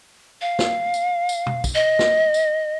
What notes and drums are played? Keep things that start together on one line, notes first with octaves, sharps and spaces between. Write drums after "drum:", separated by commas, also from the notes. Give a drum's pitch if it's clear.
F5
drum: snare
drum: tambourine
drum: tambourine
drum: tom
drum: kick, tambourine
D#5
drum: snare
drum: tambourine